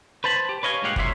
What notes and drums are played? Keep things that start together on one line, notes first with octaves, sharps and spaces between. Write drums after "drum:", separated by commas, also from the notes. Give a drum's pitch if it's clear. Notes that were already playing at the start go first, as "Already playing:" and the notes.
B4 C5 A5 B5
G4
B4 C#5 D#5 F5 G#5
G2 A#2 G#3 G4 F5 F#5
C2 F#3 A#3 C#4 E5 C6, drum: kick